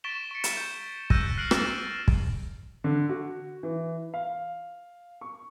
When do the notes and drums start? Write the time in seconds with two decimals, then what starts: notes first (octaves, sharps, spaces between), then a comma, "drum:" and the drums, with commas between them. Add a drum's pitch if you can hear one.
0.04 C#6 A6 B6 D7 E7 G7
0.31 C#6 C#7
0.44 drum: hi-hat
0.57 G6
1.10 E6 F#6 G6 A#6 D#7, drum: kick
1.37 F6 F#6 C7 D7 D#7 F#7
1.51 A6 E7, drum: rim click
2.08 drum: kick
2.84 D3
3.09 F#4
3.63 E3
4.14 F5
5.21 C#6